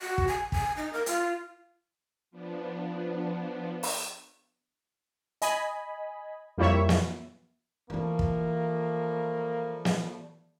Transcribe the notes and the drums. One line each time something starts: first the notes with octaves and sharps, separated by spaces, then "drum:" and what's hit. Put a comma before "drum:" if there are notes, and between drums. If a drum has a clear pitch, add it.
F#4
drum: kick
G#5
G#5, drum: kick
D#4
A#4
F4, drum: hi-hat
F3 B3 D4
drum: open hi-hat
D#5 G#5 B5, drum: hi-hat
F2 G3 A#3 E4 C#5 E5
drum: snare
E3 F3 G3 A3 A#3 E4
drum: kick
drum: snare